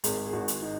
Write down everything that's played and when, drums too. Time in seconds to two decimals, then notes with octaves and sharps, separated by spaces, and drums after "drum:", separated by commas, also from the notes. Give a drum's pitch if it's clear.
0.04 G#1 G#4, drum: hi-hat
0.26 G#4
0.33 G#1 F#4
0.48 drum: hi-hat
0.62 D#4